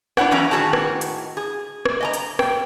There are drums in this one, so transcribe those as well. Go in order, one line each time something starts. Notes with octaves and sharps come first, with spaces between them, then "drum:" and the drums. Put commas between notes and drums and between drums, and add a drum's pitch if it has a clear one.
D4 E4 C#5 F#5 G5, drum: rim click
E2 F#3 C#4 A#5
A2 D#3 G3 F#4 G#4 A5
drum: rim click
drum: hi-hat
G#4
drum: rim click
D#5 G#5 A#5
drum: hi-hat
G5, drum: rim click